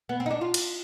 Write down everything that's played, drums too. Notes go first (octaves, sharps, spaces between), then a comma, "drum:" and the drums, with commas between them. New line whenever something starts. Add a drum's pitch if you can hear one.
B3
C4
D#4
D4
F4
drum: cymbal